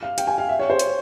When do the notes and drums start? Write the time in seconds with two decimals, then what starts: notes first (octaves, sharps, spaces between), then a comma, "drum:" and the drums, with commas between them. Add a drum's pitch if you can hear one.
0.03 F5
0.18 G5, drum: hi-hat
0.27 G#5
0.38 F5
0.49 E5
0.59 C#5
0.70 C5
0.79 drum: hi-hat